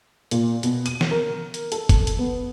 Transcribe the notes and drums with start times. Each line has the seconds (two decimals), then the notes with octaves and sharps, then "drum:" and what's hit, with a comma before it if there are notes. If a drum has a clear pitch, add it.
0.31 A#2, drum: hi-hat
0.63 B2, drum: hi-hat
0.86 D#7, drum: hi-hat
1.01 drum: snare
1.11 A#4
1.54 drum: hi-hat
1.72 A4, drum: hi-hat
1.89 drum: kick, hi-hat
2.07 drum: hi-hat
2.19 B3